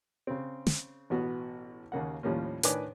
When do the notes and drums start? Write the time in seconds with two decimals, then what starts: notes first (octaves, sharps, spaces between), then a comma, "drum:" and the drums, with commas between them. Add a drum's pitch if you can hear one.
0.27 C#3 C4
0.67 drum: snare
1.10 A1 B2 B3 F#4
1.92 D#2 C#3 A#3 F#5
2.23 D#2 A2 F3 G3 A#3 C#4
2.63 A2 D#3 D4 B4 G#5 D6, drum: hi-hat